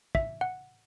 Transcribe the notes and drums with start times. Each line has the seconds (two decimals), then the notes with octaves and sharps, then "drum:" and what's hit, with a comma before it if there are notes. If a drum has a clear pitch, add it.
0.15 E5, drum: kick
0.41 F#5